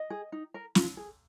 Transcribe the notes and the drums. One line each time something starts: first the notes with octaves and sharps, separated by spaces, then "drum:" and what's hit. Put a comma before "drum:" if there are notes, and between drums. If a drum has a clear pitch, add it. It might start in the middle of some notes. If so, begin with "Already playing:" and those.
Already playing: D#5
G#4
D#4
A#4
F4, drum: snare
G#4